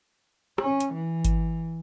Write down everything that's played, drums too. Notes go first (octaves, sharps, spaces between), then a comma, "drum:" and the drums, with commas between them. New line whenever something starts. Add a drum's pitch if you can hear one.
C#4, drum: rim click
drum: hi-hat
E3
drum: kick G1, hi-hat